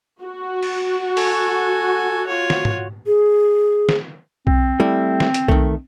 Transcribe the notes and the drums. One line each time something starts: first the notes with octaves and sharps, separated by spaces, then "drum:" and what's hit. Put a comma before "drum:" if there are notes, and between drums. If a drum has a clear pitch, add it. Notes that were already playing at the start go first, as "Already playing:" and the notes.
F#4
drum: cymbal
A4 G#5, drum: open hi-hat
F4 C#5
drum: snare
drum: tom
G#4
drum: snare
C4, drum: kick B1
G3 A3 E4
drum: snare
drum: hi-hat
D#3 A3, drum: kick B1